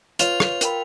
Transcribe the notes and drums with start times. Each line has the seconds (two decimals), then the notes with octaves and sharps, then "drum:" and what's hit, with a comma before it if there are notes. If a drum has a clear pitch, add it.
0.19 F4 B4 C#5 F7, drum: hi-hat
0.40 drum: rim click
0.61 A#4 G5 B5, drum: hi-hat